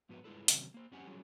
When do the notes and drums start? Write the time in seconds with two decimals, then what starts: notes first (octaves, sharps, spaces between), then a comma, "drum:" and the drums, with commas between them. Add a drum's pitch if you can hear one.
0.09 G#2 F3 F#3 B3 F#4 B4
0.24 G2 G#3 E4 F4 A4 B4
0.48 C3 D#3 F#3 A3 C4 C#4, drum: hi-hat
0.74 A#3 C5
0.92 F#2 C4 C#4 G4 F#5 G#5
1.07 F#3 G3 C#4 F4 G#4